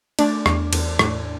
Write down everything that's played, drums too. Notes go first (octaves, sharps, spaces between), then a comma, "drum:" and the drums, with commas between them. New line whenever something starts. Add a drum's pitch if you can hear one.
A3 D4 D5, drum: cymbal
E2, drum: rim click
E2, drum: cymbal
A2, drum: rim click